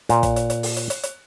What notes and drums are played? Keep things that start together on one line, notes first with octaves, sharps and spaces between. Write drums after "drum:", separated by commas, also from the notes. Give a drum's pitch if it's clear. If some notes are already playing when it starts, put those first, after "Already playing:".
A#2, drum: hi-hat
drum: kick, hi-hat
drum: hi-hat
drum: hi-hat
drum: open hi-hat
drum: hi-hat
drum: hi-hat
drum: hi-hat